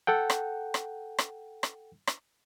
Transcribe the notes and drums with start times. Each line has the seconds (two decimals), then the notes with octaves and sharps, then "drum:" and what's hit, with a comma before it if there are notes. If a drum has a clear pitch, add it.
0.07 A4 F#5 G5
0.30 drum: rim click
0.74 drum: rim click
1.18 drum: rim click
1.63 drum: rim click
2.07 drum: rim click